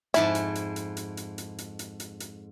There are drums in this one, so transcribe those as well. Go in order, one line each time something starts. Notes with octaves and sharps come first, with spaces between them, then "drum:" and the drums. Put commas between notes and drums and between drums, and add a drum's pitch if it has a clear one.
F2 G#2 E4 A5, drum: hi-hat
drum: hi-hat
drum: hi-hat
drum: hi-hat
drum: hi-hat
drum: hi-hat
drum: hi-hat
drum: hi-hat
drum: hi-hat
drum: hi-hat
drum: hi-hat